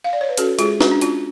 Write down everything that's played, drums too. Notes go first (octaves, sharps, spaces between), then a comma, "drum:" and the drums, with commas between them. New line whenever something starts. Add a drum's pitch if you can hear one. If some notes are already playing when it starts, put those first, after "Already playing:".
F5
D5
C#5
B4
C#4 F#4 A4, drum: hi-hat
G#3 F4 G#4, drum: hi-hat
C#4 D4 F#4, drum: snare
D4
C#4 F4, drum: hi-hat